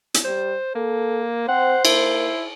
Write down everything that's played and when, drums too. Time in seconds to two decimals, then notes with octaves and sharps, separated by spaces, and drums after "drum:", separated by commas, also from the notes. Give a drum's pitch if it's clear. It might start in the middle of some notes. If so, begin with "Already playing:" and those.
0.14 drum: hi-hat
0.25 G3 C5
0.75 A#3 A4
1.48 C4 C5 F#5
1.85 A#3 E4, drum: cymbal